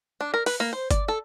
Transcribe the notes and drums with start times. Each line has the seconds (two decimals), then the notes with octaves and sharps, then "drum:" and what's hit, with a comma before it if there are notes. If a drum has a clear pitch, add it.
0.21 D4
0.34 A#4
0.46 B4, drum: open hi-hat
0.60 A#3
0.73 C5
0.91 D5, drum: kick G1, hi-hat
1.08 A4